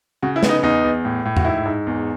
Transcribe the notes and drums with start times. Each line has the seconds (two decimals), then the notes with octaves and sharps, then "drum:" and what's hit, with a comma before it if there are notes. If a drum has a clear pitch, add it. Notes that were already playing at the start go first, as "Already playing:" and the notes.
0.22 C#3 F#4
0.36 E4
0.43 B3, drum: snare
0.49 D#4
0.63 E2 D#4
0.84 E2
1.05 A2
1.25 A2
1.37 F#4, drum: tom E2
1.45 G#2 E4
1.66 G#2
1.87 E2